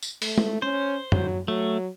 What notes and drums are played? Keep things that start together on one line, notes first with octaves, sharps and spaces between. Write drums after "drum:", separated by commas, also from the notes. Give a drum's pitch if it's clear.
drum: tambourine
A3, drum: open hi-hat
drum: tom
C#4 C5
F#3, drum: tom
F#3 A3